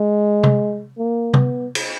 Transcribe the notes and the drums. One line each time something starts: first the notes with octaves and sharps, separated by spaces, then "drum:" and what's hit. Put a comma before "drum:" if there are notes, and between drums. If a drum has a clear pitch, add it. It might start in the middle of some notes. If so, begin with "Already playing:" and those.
Already playing: G#3
drum: tom C3
A#3
B3, drum: tom C3
drum: cymbal